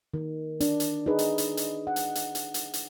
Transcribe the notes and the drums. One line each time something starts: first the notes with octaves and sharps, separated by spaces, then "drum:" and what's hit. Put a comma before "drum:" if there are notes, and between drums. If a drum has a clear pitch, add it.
D#3
D4, drum: hi-hat
drum: hi-hat
D#4 G#4 B4
drum: hi-hat
drum: hi-hat
drum: hi-hat
F#5
drum: hi-hat
drum: hi-hat
drum: hi-hat
drum: hi-hat
drum: hi-hat